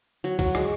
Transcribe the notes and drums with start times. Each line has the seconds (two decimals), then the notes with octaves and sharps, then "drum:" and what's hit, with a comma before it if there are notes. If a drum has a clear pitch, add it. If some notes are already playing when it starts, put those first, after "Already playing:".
0.24 F#3
0.39 F#3, drum: kick, cymbal
0.55 G#3, drum: rim click